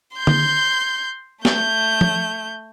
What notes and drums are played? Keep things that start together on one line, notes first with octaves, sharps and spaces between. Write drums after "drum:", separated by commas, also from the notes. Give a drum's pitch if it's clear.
C6 G6
drum: tom D3
A3 G6, drum: snare
drum: tom